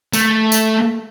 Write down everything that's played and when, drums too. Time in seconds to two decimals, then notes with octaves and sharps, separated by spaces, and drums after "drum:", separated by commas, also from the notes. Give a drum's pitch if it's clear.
0.13 A3, drum: tambourine
0.52 drum: tambourine